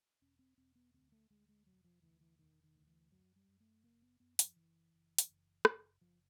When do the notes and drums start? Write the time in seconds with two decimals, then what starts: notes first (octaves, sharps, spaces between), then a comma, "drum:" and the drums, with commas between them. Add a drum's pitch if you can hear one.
0.22 E1 C#4
0.39 C4
0.58 E1 C4
0.76 B3
0.94 D2 C4
1.12 A3
1.30 D2 G#3
1.49 G#3
1.66 E1 F#3
1.85 F3
2.02 D2 E3
2.21 E3
2.39 E1 D#3
2.63 D#3
2.75 D2
2.87 E3
3.12 F#2 F#3
3.36 G3
3.48 F#2
3.60 A3
3.84 F#1 A#3
4.02 B3
4.20 F#2 B3
4.39 F3, drum: hi-hat
4.56 F#1 E3
4.94 F#1
5.18 drum: hi-hat
5.30 F#1
5.65 F#1, drum: rim click
6.01 F#1 F3